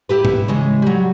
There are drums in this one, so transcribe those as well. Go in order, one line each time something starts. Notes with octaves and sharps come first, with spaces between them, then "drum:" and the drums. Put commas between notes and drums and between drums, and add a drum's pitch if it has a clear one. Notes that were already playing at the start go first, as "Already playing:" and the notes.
E4 G4 B4
drum: tom G#2
C#3 E3 G#3
F#3 G3